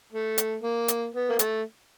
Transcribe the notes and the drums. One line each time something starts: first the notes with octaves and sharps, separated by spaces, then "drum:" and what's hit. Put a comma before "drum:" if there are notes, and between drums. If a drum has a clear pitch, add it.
A3
drum: hi-hat
A#3
drum: hi-hat
B3
A#3
A3, drum: hi-hat